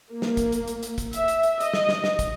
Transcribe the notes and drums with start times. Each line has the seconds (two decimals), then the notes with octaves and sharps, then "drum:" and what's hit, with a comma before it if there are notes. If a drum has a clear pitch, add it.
0.11 A#3
0.22 drum: snare
0.37 drum: kick, hi-hat
0.52 drum: hi-hat
0.68 drum: hi-hat
0.83 drum: hi-hat
0.98 drum: kick, hi-hat
1.13 E5, drum: hi-hat
1.28 drum: hi-hat
1.43 drum: hi-hat
1.60 D#5, drum: hi-hat
1.73 drum: snare
1.89 drum: snare
2.04 drum: snare
2.19 drum: kick, hi-hat